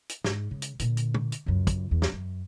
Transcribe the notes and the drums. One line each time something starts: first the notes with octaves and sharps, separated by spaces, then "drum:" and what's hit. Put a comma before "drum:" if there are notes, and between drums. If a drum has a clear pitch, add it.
drum: hi-hat
G#2, drum: snare
C#3
drum: hi-hat
A#2 D3, drum: hi-hat
drum: hi-hat
drum: tom
drum: hi-hat
C#2 F#2
drum: kick, hi-hat
E2
drum: snare
F#2